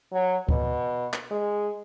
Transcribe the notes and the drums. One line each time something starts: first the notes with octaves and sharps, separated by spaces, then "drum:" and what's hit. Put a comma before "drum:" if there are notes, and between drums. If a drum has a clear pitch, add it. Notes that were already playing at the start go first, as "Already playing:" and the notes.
F#3
B2, drum: kick C#2
drum: clap
G#3